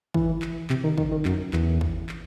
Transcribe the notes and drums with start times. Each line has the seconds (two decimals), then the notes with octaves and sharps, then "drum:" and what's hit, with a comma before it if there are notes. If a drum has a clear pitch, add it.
0.14 E3, drum: kick
0.42 drum: clap
0.70 C3, drum: clap
0.84 D#3
0.98 D#3, drum: kick
1.11 D#3
1.25 F#2, drum: clap
1.53 E2, drum: clap
1.81 drum: kick
2.09 drum: clap